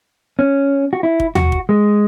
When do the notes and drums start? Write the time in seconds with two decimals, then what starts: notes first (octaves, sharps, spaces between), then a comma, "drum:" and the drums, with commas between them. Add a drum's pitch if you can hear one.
0.39 C#4
0.93 F#4
1.03 E4
1.20 drum: kick
1.35 F#4, drum: tom
1.52 drum: kick
1.69 G#3